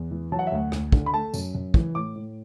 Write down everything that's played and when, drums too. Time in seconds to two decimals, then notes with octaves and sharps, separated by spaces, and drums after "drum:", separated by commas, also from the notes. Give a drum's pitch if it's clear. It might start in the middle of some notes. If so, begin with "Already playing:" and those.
Already playing: E2
0.11 E3
0.32 F#3 A5
0.39 F#5
0.47 E5
0.52 D2 F#5
0.72 D2, drum: rim click
0.92 D3, drum: kick
1.06 B5
1.13 A3 A5
1.34 F#2, drum: tambourine
1.55 F#2
1.74 E3, drum: kick
1.95 A2 D6
2.15 A2